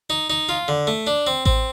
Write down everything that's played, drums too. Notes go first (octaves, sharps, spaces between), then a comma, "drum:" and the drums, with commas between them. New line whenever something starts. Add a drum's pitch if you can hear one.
D#4
D#4
F4
D3
A3
D4
C4
C4, drum: kick A1